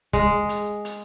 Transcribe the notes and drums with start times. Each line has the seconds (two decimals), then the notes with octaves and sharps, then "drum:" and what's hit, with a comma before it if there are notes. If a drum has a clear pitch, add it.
0.13 G#3, drum: kick, hi-hat
0.49 drum: hi-hat
0.85 drum: hi-hat